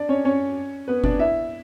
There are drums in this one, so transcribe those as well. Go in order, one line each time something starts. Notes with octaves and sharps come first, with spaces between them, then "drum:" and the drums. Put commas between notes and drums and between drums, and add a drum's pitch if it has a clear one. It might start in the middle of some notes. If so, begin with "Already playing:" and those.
Already playing: D4 D5
C#4 C#5
C#4 C#5
B3 B4
D4 D5, drum: kick F#1
E4 E5